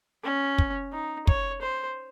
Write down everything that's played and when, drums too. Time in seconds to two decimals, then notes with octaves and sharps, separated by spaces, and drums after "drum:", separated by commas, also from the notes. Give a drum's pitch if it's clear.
0.24 C#4
0.58 drum: kick
0.93 D#4
1.27 C#5, drum: kick
1.62 C5